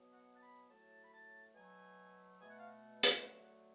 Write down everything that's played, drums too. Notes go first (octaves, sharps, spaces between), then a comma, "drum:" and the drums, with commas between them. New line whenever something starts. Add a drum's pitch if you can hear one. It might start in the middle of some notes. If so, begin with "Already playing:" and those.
Already playing: B2 F#3 B3
F#5
A5
B5
A2 F#3 A3 A5
B5
A5
B2 F#3 A3 G#5
B2 A3 G#5
F#5
F5
F#5
drum: hi-hat
D3 F#3 A3